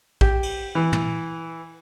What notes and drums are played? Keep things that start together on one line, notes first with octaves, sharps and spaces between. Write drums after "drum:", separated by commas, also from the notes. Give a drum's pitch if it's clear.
G4, drum: kick
drum: cymbal
E3
drum: tom